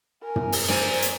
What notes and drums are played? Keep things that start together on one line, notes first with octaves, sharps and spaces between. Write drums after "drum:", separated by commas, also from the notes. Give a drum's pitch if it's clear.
A#4 G#5
drum: tom
drum: open hi-hat
C5 D5 G#5, drum: snare
drum: hi-hat